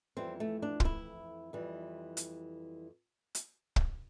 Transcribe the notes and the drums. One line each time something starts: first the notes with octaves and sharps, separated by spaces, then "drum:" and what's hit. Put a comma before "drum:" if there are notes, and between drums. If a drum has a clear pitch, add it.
F2 E3 G3 C4
A3
D4
F4, drum: kick
E4
F2 E3 G3
drum: hi-hat
drum: hi-hat
drum: kick